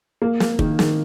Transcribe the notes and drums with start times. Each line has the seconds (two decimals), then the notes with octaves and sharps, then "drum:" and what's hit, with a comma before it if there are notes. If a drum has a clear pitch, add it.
0.22 A#3
0.40 A#3, drum: snare
0.59 D#3, drum: kick
0.79 D#3, drum: snare